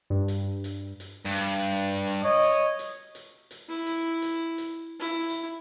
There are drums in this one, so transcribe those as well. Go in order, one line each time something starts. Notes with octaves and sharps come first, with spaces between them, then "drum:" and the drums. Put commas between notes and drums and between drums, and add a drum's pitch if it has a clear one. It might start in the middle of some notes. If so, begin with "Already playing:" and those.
G2
drum: hi-hat
drum: hi-hat
drum: hi-hat
G2
drum: hi-hat
drum: hi-hat
drum: hi-hat
C#5 D#5
drum: hi-hat
drum: hi-hat
drum: hi-hat
drum: hi-hat
E4
drum: hi-hat
drum: hi-hat
drum: hi-hat
E4
drum: hi-hat